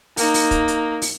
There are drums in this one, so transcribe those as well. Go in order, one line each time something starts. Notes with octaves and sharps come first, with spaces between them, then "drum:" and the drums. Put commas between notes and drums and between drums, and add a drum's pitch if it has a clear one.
A#3 D#4, drum: open hi-hat
drum: open hi-hat
drum: kick, hi-hat
drum: hi-hat
drum: open hi-hat